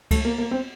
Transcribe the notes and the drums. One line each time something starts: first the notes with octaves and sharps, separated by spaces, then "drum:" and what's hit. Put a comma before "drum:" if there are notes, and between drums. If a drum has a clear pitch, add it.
A3, drum: kick C#2, cymbal
A#3
A#3
C4